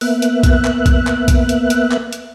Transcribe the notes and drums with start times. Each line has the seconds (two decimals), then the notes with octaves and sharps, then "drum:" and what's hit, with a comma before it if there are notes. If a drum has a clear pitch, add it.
0.01 A#3 B3 E5 F#6, drum: open hi-hat
0.22 drum: hi-hat
0.43 drum: kick B1, hi-hat
0.65 drum: clap
0.86 drum: kick B1, hi-hat
1.07 drum: clap
1.28 drum: kick B1, hi-hat
1.49 drum: hi-hat
1.70 drum: hi-hat
1.91 drum: clap
2.12 drum: hi-hat